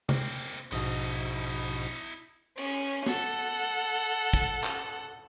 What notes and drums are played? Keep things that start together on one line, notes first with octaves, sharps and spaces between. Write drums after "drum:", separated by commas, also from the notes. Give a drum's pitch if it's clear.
A#3 C4, drum: tom
A#1 G#2 B2 E4 D#5, drum: hi-hat
C#4, drum: cymbal
A4 F#5, drum: snare
drum: kick
drum: clap